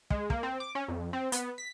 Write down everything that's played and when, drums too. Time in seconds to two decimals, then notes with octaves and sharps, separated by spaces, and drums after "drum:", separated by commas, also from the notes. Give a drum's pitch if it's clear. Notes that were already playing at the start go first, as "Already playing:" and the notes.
0.10 G#3, drum: kick
0.30 A#3, drum: kick
0.43 C4
0.60 D6
0.75 C#4
0.88 F2
1.13 C4
1.32 B3, drum: hi-hat
1.58 B6